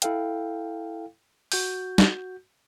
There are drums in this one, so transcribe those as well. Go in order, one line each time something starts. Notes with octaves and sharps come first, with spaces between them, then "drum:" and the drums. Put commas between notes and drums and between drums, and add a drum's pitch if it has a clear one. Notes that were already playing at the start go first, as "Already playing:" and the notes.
E4 A4 F5 G5, drum: hi-hat
F#4 G6, drum: open hi-hat
drum: snare